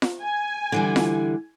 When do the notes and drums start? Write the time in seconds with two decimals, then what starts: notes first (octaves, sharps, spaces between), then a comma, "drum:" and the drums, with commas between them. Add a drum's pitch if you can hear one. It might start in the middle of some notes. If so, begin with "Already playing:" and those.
0.02 drum: snare F4
0.22 G#5
0.72 D3 E3 G3
0.96 drum: snare F4